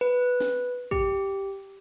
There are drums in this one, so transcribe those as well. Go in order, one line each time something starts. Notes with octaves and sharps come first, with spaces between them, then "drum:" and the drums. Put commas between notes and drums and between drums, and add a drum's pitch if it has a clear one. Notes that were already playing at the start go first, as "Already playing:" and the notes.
B4
drum: snare
G4, drum: kick